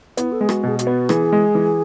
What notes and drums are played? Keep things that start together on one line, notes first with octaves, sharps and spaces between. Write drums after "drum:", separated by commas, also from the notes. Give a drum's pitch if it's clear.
B3 E4, drum: hi-hat
A4
G#3 G#4
F#4, drum: rim click
B2 G#4
F#4, drum: hi-hat
B3
E3 G#4, drum: rim click
G#3
E3